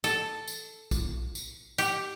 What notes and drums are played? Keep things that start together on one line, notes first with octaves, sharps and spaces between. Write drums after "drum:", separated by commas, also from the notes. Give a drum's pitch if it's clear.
A4, drum: tambourine
drum: tambourine
drum: kick A#1, tambourine
drum: tambourine
G4, drum: tambourine